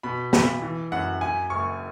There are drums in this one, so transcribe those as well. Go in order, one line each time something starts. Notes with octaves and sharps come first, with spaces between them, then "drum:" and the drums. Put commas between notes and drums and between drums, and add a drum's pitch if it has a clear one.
B2 B5
B1 B5, drum: snare
E3
F#2 F#5
F#2 G#5
F#1 C#6